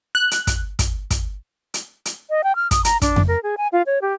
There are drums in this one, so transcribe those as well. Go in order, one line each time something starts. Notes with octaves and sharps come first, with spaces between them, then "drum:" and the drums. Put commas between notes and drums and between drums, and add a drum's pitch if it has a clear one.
F#6
drum: hi-hat
drum: kick, hi-hat
drum: kick, hi-hat
drum: kick, hi-hat
drum: hi-hat
drum: hi-hat
D#5
G5
F6
D#6, drum: kick, hi-hat
A#5, drum: hi-hat
D4, drum: kick, hi-hat
drum: tom F2
A#4
G#4
G#5
F4
C#5
G4